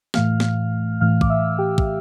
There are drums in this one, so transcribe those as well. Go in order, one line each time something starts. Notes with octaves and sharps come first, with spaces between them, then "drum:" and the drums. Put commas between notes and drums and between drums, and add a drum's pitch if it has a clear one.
A2 E3 A3 F5 F6, drum: snare
drum: snare
A2 E3 A3 F5 F6
D6, drum: kick
E5 E6
G4 G5
drum: kick